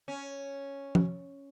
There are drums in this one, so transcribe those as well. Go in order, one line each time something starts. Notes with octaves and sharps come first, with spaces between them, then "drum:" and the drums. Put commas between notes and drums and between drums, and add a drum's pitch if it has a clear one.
C#4
drum: tom